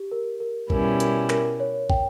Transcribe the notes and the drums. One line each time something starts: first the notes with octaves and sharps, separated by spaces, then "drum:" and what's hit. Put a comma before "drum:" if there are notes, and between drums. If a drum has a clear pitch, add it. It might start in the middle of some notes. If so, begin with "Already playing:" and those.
Already playing: G4
A#4
A#4
B2 G3 C#4 E4 A#4, drum: kick
A#4, drum: hi-hat
A#4, drum: clap
C#5
G5, drum: kick